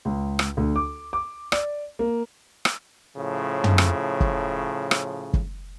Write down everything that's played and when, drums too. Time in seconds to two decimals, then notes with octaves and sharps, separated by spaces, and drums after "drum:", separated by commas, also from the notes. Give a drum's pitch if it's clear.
0.05 C#2
0.39 drum: rim click
0.57 D2
0.76 D6
1.13 D6
1.52 D5, drum: rim click
1.99 A#3
2.65 drum: rim click
3.15 A2 C#3 F3
3.64 drum: tom
3.78 drum: rim click
4.20 drum: kick
4.91 drum: rim click
5.33 drum: kick